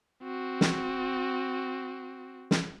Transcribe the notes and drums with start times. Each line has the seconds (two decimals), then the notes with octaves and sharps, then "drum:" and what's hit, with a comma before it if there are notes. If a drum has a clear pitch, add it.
0.23 C4 F#4
0.61 drum: snare
2.51 drum: snare